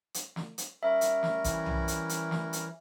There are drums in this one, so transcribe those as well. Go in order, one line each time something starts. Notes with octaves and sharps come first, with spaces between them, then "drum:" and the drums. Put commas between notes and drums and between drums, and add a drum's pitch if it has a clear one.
drum: hi-hat
drum: snare
drum: hi-hat
G3 C#4 A#4 E5
drum: hi-hat
drum: snare
E3, drum: kick A1, hi-hat
drum: tom B1
drum: hi-hat
drum: hi-hat
drum: snare
drum: hi-hat